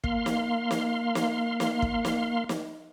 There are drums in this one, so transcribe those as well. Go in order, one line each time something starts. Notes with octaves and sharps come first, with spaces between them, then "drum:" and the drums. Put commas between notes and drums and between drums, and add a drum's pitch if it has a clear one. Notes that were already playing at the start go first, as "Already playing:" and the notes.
A#3 F5 C6, drum: kick
drum: snare
drum: snare
drum: snare
drum: snare
drum: kick
drum: snare
drum: snare